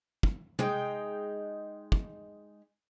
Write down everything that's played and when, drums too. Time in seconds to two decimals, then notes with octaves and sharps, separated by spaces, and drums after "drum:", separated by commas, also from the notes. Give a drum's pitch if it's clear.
0.23 drum: kick
0.59 G#3 D#4 G5, drum: tom
1.92 drum: kick